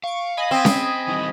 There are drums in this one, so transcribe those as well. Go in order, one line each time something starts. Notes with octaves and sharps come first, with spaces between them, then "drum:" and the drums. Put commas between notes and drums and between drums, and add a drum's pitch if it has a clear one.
F5 C#6 D7
D#5 G#5 B5
C4
drum: snare C#4
D#3 E3 G3